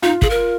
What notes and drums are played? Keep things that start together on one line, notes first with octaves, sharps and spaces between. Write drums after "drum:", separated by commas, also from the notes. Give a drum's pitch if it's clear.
D#4 F4
G#4, drum: kick
A#4